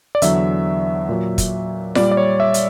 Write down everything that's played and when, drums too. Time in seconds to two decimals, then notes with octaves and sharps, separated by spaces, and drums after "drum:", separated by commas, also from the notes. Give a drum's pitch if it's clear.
0.15 D5
0.22 E2 D3 F#3 E5, drum: hi-hat
1.09 A#2 F#3
1.38 drum: kick, hi-hat
1.95 A#2 G3 D5, drum: snare F4
2.12 D5
2.17 C#5
2.40 E5
2.54 drum: hi-hat